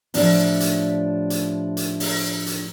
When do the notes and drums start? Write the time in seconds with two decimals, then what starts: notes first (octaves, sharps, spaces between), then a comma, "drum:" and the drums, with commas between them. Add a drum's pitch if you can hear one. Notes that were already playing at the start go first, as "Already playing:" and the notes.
0.14 A2 F3 D4 G4, drum: open hi-hat
0.60 drum: hi-hat
1.30 drum: hi-hat
1.77 drum: hi-hat
2.00 drum: open hi-hat
2.47 drum: hi-hat